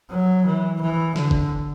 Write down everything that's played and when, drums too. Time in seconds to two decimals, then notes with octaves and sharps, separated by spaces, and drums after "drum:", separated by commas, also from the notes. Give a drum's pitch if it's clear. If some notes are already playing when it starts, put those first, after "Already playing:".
0.10 F#3
0.45 E3
0.81 E3
1.16 D3, drum: snare
1.31 drum: kick